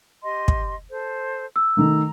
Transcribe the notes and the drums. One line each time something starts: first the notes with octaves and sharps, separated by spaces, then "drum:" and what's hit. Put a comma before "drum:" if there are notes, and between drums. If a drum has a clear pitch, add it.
G4 D#5 C6
drum: kick
A4 C5
E6
D#3 A3 A#5